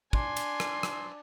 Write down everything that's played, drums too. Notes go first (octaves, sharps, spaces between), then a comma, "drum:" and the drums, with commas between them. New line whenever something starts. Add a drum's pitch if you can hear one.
D4 G#5 C6, drum: kick
drum: cymbal
drum: rim click
drum: rim click